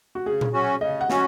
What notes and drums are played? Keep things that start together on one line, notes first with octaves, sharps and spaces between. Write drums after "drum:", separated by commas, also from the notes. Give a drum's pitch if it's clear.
F#4
C#3 G#4
drum: tom A#2
F#3 C#4 F#4
C#3 D#5
F#5
F#3 C#4 F#4, drum: snare